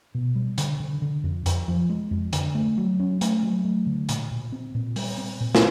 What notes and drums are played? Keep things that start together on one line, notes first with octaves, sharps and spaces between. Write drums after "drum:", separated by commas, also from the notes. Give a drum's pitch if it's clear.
B2
G3
D3, drum: hi-hat
D3
D3
F2
F2, drum: hi-hat
F3
G#3
F2
D3, drum: hi-hat
A3
F#3
C#4
A3, drum: hi-hat
F#3
A3
D3
A#2, drum: hi-hat
A#2
C4
A#2
G3, drum: open hi-hat
C4
A#2
drum: snare